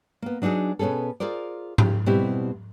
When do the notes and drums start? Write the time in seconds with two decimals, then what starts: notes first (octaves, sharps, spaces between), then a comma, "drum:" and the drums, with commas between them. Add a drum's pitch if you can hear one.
0.22 A#3 B3
0.42 F#3 D4 D#4 F#4 G#4
0.79 B2 B3 C#4 G#4 A4
1.20 F4 G#4 A#4 C5 D5
1.78 C#3 G4, drum: tom G#2
2.06 B2 G3 C4 E4 G4